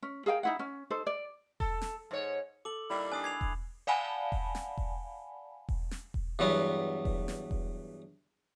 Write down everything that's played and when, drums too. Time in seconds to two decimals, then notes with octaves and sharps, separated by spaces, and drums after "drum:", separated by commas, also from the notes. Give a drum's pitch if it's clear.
0.02 C#4
0.26 G#4 A#4 F5 G5
0.43 D#4 E4 F#5
0.59 C#4
0.90 D#4 A4 C5
1.07 D5
1.60 A4, drum: kick E1
1.81 drum: snare
2.11 G#2 C#5
2.65 A4 D6 F#7
2.90 D#2 G3 E4
3.12 D4 G#5 D#6 C7
3.24 G#6 C7 F7
3.41 drum: kick E1
3.87 D5 F5 F#5 G#5 A5 B5
4.32 drum: kick E1
4.55 drum: snare
4.77 drum: kick E1
5.69 drum: kick E1
5.91 drum: snare
6.14 drum: kick E1
6.39 E2 G2 F#3 B3
7.05 drum: kick E1
7.28 drum: snare
7.51 drum: kick E1